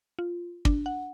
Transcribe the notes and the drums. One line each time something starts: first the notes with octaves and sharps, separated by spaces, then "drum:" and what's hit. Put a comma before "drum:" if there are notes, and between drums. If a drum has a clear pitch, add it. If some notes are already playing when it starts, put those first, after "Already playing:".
F4
D4, drum: kick
F#5